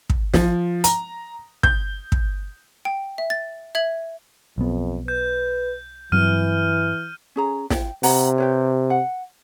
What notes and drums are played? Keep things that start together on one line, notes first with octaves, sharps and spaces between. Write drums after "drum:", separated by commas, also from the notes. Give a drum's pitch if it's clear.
drum: kick
F3, drum: snare
A#5, drum: hi-hat
G6, drum: kick
drum: kick
G5
E5
A6
E5 G#6 F#7
B1 F2 B3
B4 G6
G2 E3 F#3 C4 F6 D#7
C#4 G#4 A#5
G5, drum: snare
C3 F#5 A#5 B5, drum: open hi-hat
G4 B4 C#5
F#5